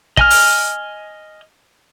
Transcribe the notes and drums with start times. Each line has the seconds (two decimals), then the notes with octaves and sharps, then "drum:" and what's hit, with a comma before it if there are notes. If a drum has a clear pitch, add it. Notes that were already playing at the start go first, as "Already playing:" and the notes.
0.17 D#5 G#5 F6, drum: kick
0.30 drum: open hi-hat